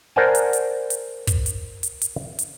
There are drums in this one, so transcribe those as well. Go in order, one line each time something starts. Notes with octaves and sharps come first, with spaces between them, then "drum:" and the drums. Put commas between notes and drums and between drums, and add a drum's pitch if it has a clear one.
A#4 C5 D5 F#5 G#5 A5
drum: hi-hat
drum: hi-hat
drum: hi-hat
drum: kick, hi-hat
drum: hi-hat
drum: hi-hat
drum: hi-hat
drum: hi-hat